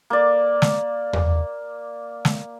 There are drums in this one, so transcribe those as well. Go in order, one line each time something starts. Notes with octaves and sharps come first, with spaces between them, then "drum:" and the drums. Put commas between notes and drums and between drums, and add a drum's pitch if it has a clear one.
A#3 D5
drum: snare
drum: tom E2
drum: snare